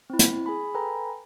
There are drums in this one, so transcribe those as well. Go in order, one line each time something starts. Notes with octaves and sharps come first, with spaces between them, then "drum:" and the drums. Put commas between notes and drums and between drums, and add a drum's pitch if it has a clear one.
C4 E4
drum: hi-hat
G#4 G#5 B5
A4 B4 G5 G#5 A#5 B5